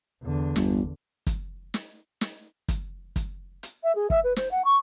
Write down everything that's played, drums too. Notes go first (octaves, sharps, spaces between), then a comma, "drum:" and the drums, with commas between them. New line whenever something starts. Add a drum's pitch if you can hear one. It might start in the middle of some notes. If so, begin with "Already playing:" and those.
E2 D3
G1, drum: snare
drum: kick, hi-hat
drum: snare
drum: snare
drum: kick, hi-hat
drum: kick, hi-hat
drum: hi-hat
E5
G#4
E5, drum: kick
B4
C5, drum: snare
F#5
C#6